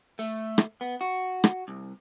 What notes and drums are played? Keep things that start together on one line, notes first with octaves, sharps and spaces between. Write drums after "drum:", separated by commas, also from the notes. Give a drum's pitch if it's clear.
A3
drum: rim click
B3
F#4
drum: rim click
C2